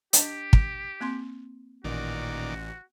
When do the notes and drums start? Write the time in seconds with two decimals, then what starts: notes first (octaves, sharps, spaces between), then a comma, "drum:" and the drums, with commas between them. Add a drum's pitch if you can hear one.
0.13 D4 G4 D#5, drum: hi-hat
0.53 drum: kick
1.00 A#3 C4 C6
1.84 A1 A#2 D#3 F#4 D5